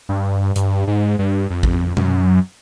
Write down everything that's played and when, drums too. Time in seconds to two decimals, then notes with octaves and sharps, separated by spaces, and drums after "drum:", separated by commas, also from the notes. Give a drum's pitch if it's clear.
0.09 G2
0.56 G2, drum: hi-hat
0.87 G#2
1.19 G2
1.50 F2
1.63 drum: kick
1.97 F#2, drum: tom B2